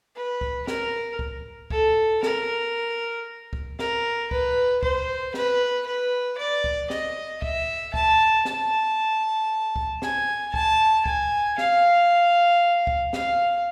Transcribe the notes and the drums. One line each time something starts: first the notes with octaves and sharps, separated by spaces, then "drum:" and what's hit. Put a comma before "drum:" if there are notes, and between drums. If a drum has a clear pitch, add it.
B4
drum: kick C#2
A#4, drum: snare
drum: kick C#2
A4, drum: kick C#2
A#4, drum: snare
drum: kick C#2
A#4, drum: snare
B4, drum: kick C#2
C5, drum: kick C#2
B4, drum: snare
B4
D5
drum: kick C#2
D#5, drum: snare
E5, drum: kick C#2
A5, drum: kick C#2
A5, drum: snare
drum: kick C#2
G#5, drum: snare
A5, drum: kick C#2
G#5, drum: kick C#2
F5, drum: snare
drum: kick C#2
F5, drum: snare